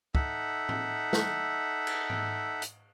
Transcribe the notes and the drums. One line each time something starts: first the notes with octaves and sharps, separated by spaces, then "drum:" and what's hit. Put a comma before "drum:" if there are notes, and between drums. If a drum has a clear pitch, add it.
D#4 A4 E5 F#5, drum: kick
drum: tom
drum: snare
drum: cymbal
drum: tom G#2
drum: hi-hat